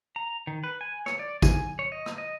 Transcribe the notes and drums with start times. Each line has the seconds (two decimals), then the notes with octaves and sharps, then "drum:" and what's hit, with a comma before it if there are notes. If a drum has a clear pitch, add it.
0.16 A#5
0.47 D#3
0.64 B4
0.81 G#5
1.06 C#5, drum: rim click
1.19 D5
1.42 G#5, drum: kick, tambourine
1.79 C#5
1.92 D#5
2.06 drum: rim click
2.18 D#5